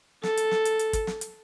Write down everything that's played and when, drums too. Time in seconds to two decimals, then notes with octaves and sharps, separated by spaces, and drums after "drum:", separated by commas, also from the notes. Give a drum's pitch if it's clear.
0.23 A4, drum: snare
0.37 drum: hi-hat
0.51 drum: snare
0.65 drum: hi-hat
0.79 drum: hi-hat
0.93 drum: kick, hi-hat
1.07 drum: snare
1.21 drum: hi-hat